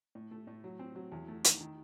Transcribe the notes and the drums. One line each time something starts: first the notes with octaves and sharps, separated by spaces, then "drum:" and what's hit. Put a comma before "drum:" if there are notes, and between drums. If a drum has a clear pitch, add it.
A2
A3
A2
F#3
C4
F#3
E2
A3
D#3, drum: hi-hat
D#3